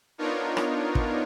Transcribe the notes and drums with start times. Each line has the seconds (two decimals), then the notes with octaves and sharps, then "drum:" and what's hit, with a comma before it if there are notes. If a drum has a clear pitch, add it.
0.18 B3 D4 D#4 F4 A#4 C#5
0.57 drum: rim click
0.95 drum: kick